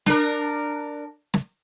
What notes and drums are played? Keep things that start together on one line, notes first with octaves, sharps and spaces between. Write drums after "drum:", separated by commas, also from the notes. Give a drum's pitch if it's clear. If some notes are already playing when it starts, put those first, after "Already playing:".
D4 A#4, drum: snare
drum: snare